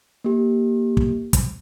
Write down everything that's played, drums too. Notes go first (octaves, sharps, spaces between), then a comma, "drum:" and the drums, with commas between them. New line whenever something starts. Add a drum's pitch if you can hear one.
A#3 G4
drum: kick
drum: kick, hi-hat